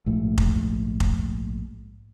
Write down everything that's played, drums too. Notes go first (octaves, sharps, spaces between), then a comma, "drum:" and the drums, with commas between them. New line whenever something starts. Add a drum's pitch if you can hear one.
A#1 G#2 A3
drum: kick F1
drum: kick F1